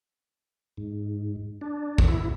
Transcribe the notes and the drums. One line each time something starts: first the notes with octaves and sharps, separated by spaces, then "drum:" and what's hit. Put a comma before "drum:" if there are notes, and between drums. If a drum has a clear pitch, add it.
G#2
D4
drum: kick
E4